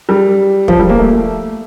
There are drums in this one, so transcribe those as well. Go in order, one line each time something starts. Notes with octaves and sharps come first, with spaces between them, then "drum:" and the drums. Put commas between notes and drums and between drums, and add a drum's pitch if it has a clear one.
G3
F3, drum: kick
G3
A#3
A3